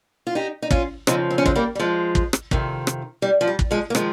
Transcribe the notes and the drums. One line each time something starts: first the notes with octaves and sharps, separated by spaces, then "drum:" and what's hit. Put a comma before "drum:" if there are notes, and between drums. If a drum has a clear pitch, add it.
F4
D#4 G4
D#4
C#4 F4, drum: kick
F2 C#3 F3 C4 D#4, drum: rim click
C4
C#4
G#3 C4, drum: kick
G3 A#3
G3
F3 G#3
drum: kick
drum: rim click
F2 C3 D#3, drum: kick
drum: rim click
G3
F3
G3
drum: kick
F3 G#3
A#3
D#3 F3 G#3, drum: rim click